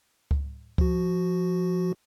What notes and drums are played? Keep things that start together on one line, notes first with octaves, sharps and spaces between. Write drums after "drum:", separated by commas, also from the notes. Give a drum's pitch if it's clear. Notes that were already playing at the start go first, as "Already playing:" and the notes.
drum: kick C#2
F3 F#4, drum: kick C#2